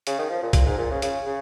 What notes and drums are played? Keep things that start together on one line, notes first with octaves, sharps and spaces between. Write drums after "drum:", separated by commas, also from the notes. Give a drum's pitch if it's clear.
C#3, drum: hi-hat
D#3
F3
A#2
A#2, drum: kick C2, hi-hat
G#2
A#2
C#3
C#3, drum: hi-hat
C#3